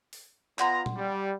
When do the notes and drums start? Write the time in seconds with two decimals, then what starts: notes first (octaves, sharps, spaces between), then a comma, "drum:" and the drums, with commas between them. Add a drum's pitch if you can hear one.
0.13 drum: open hi-hat
0.59 B3 F4 D5 F#5 A#5 C6, drum: clap
0.86 drum: tom A#2
0.97 G3